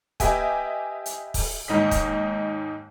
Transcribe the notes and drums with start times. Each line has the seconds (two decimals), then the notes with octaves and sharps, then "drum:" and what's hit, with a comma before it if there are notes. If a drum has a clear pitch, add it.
0.20 G4 B4 D#5 E5 G5 G#5, drum: kick, hi-hat
1.06 drum: hi-hat
1.34 drum: kick, open hi-hat
1.68 D#2 G#2 D#4 D#5 B6
1.91 drum: kick, hi-hat